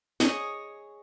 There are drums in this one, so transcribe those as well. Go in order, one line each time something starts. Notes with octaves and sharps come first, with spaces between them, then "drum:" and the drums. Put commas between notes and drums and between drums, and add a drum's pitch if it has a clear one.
G#4 C#5 D#5, drum: snare